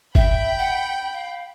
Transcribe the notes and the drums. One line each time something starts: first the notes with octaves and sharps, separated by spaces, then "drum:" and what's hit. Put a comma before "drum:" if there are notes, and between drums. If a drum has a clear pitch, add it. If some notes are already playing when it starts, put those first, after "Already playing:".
E5 G5 B5, drum: kick
F#5
F5